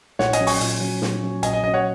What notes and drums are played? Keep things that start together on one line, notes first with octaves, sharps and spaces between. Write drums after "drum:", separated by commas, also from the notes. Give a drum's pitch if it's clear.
A#2 C#5 F#5, drum: snare
D#5 G#5, drum: hi-hat
F#3 C#4
G#5 C#6, drum: open hi-hat
A#2, drum: hi-hat
F#3 C#4
A#2, drum: snare
F#3 C#4
A#2 D#5 G#5, drum: hi-hat
D#5
F#3 C#4 D#5
C#5 F#5